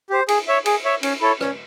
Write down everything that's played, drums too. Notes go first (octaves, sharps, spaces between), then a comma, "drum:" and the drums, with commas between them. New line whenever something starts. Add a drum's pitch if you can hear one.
G4 C5
G#4, drum: cymbal
C#5 E5
G#4, drum: cymbal
C#5 E5
C#4, drum: cymbal
E4 A4 C#5
C#4, drum: rim click